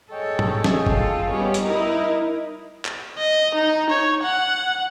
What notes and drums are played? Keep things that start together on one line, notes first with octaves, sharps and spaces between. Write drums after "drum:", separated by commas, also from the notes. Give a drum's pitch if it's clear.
G#4 A4 C#5 D#5 G5
drum: tom G#2
drum: snare
F4 A4, drum: kick F#1
G3 B3 C#4 G4 C#5
drum: hi-hat
D#4 E4 A#4 D#5
drum: clap
D#5
D#4
C#5
F#5